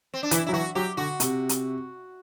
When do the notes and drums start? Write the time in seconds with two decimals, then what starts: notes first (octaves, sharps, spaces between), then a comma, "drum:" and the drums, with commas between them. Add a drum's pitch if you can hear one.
0.14 C4
0.23 D4
0.31 E3 E4, drum: hi-hat
0.47 F#3 E4
0.53 E3 F#4
0.75 F#3 G4
0.97 D3 F#4
1.20 C3, drum: hi-hat
1.49 drum: hi-hat